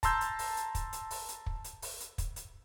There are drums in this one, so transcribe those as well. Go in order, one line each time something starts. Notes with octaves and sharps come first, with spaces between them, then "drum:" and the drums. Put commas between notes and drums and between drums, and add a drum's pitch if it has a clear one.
A5 A#5 C6 E6 G6, drum: kick, hi-hat
drum: hi-hat
drum: open hi-hat
drum: hi-hat
drum: kick, hi-hat
drum: hi-hat
drum: open hi-hat
drum: hi-hat
drum: kick
drum: hi-hat
drum: open hi-hat
drum: hi-hat
drum: kick, hi-hat
drum: hi-hat